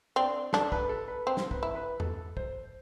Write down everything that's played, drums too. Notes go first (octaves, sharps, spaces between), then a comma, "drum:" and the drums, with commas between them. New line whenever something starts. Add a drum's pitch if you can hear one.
C4 D4
D4 A4, drum: snare
B4, drum: kick
A4
B4
C4 C5
drum: snare
B4, drum: kick
E4
B4
A4, drum: tom E2
C5, drum: kick